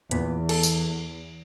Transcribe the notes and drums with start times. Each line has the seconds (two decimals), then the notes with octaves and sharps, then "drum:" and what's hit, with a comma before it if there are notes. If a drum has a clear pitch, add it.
0.11 E2 A#2 B3, drum: hi-hat
0.49 A4, drum: cymbal
0.63 drum: tambourine